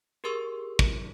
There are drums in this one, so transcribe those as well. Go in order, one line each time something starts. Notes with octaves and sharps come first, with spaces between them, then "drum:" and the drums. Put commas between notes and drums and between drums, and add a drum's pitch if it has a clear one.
G4 G#4 A#4 C6 C#6 E6
drum: kick